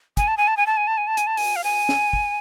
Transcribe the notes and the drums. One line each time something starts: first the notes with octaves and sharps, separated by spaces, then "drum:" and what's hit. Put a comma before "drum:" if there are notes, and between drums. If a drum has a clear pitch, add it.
G#5, drum: kick, hi-hat
A5
G#5
A5
G#5
A5
G#5
A5
G#5
A5
G#5, drum: hi-hat
A5
G#5, drum: open hi-hat
F5
G#5, drum: open hi-hat
drum: snare
drum: kick